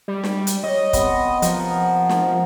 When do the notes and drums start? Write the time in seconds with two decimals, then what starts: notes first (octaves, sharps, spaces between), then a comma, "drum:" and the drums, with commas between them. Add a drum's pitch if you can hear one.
0.08 G3
0.24 drum: snare
0.47 drum: hi-hat
0.63 C#5 D#5
0.93 C3 B3, drum: kick, hi-hat
1.42 F3 A#4 D#5 F#5, drum: hi-hat
2.09 drum: snare